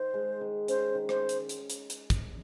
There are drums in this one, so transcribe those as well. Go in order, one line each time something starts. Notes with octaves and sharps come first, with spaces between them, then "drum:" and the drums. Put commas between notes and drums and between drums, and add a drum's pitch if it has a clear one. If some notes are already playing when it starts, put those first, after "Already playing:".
Already playing: D#3 C5
G#3
D#3
C#4 C5, drum: hi-hat
D#3
C5, drum: rim click
drum: hi-hat
drum: hi-hat
drum: hi-hat
drum: hi-hat
drum: kick, hi-hat